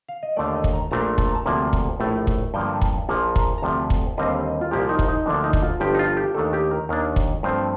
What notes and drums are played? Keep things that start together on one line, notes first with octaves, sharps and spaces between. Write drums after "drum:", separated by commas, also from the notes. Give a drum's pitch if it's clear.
F5
D#5
D#2 D3 A3 D5
F5
D#5
drum: kick
A#5
A#1 A#2 A3 D4 A#5
A5, drum: kick
A#5
A5
D2 C3 F3 A#3
drum: kick
A#1 A2 A3
drum: kick
G2 D3 F3 A#3 G5
drum: kick
A#1 A#2 F3 A#3
A#5, drum: kick
A#5
D2 C3 F3 A5
drum: kick
D#2 D3 G3 C4 D#5
F5
D#5
F4
C2 A#2 F3 A#3 G4
D#4
drum: kick
D#4
D2 D3 F3 A#3 D4
D#4
drum: kick
F4
G1 G2 F3 G4
D#4
F4
G4
D#2 D#3 A3 D4 A4
G4
A#4
D#2 D#3 A#3 D4
drum: kick
G2 F3 A3 C4 C5